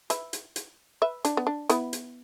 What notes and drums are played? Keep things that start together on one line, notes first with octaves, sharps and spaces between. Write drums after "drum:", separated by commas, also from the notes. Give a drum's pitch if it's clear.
B4 E5, drum: hi-hat
drum: hi-hat
drum: hi-hat
B4 E5
D4, drum: hi-hat
B3
D4
B3 E4, drum: hi-hat
drum: hi-hat